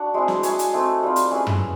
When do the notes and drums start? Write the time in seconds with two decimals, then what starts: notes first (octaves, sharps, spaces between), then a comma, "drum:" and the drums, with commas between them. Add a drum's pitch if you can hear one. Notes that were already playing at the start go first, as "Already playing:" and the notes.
Already playing: D4 F#4
0.14 G#3 C4 E4 G#4
0.28 drum: snare
0.43 E4 G#4 C#5, drum: hi-hat
0.59 drum: hi-hat
0.73 A3 C4 D#4
1.03 G3 C4 F4
1.16 drum: hi-hat
1.31 C#4 E4 G#4 B4
1.47 drum: tom